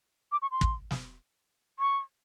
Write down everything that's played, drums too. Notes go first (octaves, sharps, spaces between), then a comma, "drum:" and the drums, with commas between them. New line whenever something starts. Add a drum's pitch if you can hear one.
D6
C#6
C6
drum: kick
drum: snare
C#6